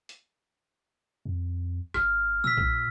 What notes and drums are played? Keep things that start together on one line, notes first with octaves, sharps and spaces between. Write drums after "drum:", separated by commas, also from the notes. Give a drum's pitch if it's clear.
drum: hi-hat
F2
G#1 F6, drum: rim click
A#2 E6 B6
drum: kick A#1